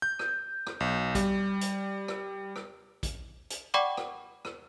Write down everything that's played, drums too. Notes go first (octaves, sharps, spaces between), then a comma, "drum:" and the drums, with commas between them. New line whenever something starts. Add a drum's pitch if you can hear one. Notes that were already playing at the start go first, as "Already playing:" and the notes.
G6
drum: rim click
drum: rim click
B1
G3, drum: kick, hi-hat
drum: hi-hat
drum: rim click
drum: rim click
drum: kick, hi-hat
drum: hi-hat
D5 F#5 G5 B5 C#6 D6
drum: rim click
drum: rim click